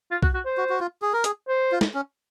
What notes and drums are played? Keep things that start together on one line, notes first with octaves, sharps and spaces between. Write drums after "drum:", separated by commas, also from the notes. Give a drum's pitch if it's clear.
F4
F#4, drum: kick B1
F#4
C5
F#4
F#4
F4
G#4
A#4
G#4, drum: hi-hat
C5
F4
drum: snare
C#4